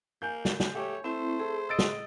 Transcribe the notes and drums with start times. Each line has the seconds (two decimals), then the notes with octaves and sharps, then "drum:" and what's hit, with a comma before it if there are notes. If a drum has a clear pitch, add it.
0.22 A#3 G#5 G6
0.45 drum: snare
0.60 drum: snare
0.74 A3 G4 C#5
1.04 A3 C4 E4 C5
1.39 G#4 A4
1.69 D#5 E6 A6 D7
1.79 drum: snare